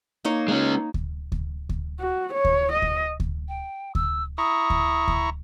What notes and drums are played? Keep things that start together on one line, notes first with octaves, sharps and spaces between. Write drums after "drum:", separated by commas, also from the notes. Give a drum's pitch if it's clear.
A#3 D#4 C#5
G#3 C#4
drum: kick D2
drum: kick D2
drum: kick D2
F#4
C#5
drum: kick D2
D#5
drum: kick D2
drum: kick D2
G5
E6, drum: kick D2
E4 A#5 C#6 D#6
drum: kick D2
drum: kick D2